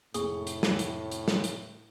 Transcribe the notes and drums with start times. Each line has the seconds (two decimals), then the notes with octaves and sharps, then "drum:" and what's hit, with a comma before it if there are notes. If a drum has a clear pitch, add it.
0.14 F1 A2 G#4 C#6, drum: hi-hat
0.47 drum: hi-hat
0.63 drum: snare
0.79 drum: hi-hat
1.11 drum: hi-hat
1.28 drum: snare
1.44 drum: hi-hat